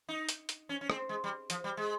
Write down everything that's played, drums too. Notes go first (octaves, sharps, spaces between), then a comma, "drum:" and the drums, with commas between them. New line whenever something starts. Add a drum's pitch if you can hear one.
D#4
drum: hi-hat
drum: hi-hat
C#4
C#4
C4, drum: rim click
G#3
G3
F3, drum: hi-hat
G3
G#3